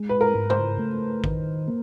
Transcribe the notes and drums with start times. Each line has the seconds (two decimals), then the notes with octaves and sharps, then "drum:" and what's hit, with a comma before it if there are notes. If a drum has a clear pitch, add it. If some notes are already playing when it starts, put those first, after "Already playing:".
Already playing: G#3
0.09 B4
0.21 A#4
0.35 G#2
0.50 C5, drum: tom
0.79 A3
1.24 D#3, drum: kick A1
1.68 A#3